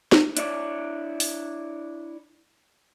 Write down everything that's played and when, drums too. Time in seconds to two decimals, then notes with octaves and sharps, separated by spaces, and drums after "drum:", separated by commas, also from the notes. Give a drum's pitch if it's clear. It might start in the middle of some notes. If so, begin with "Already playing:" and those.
0.12 drum: snare D4
0.37 D4 E4 C#5 D5, drum: hi-hat
1.20 drum: open hi-hat